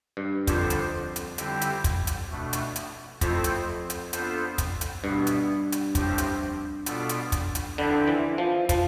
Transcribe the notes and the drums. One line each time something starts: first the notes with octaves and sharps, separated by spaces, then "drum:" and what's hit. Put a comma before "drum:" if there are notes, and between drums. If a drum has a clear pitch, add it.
G2
F2 D3 G3 D4 A4 C5, drum: kick, hi-hat
drum: hi-hat
drum: hi-hat
D3 G3 C4 E4 G4, drum: hi-hat
drum: hi-hat
drum: kick, hi-hat
drum: hi-hat
B2 A3 D4
drum: hi-hat
drum: hi-hat
F2 A3 C4 E4 A4 C5, drum: kick, hi-hat
drum: hi-hat
drum: hi-hat
B3 D4 F4 A4 C5, drum: hi-hat
drum: kick, hi-hat
drum: hi-hat
G2 B2 B3 E4
drum: hi-hat
drum: hi-hat
A2 F3 C4 G4, drum: kick, hi-hat
drum: hi-hat
B2 B3 F4 A4 D5, drum: hi-hat
drum: hi-hat
drum: kick, hi-hat
drum: hi-hat
D3 F3 C4 E4 B4 D5
E3
F3
F3, drum: kick, hi-hat